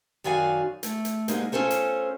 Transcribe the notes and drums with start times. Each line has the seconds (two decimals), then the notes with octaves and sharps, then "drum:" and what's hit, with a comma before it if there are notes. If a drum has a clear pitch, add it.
0.24 F#2 D#3 F#4 D5 F5 G#5
0.83 A3, drum: hi-hat
1.05 drum: hi-hat
1.28 G#2 G3 G#3 A#3 D#4, drum: hi-hat
1.52 C#4 F4 A4 C5 C#5
1.70 drum: hi-hat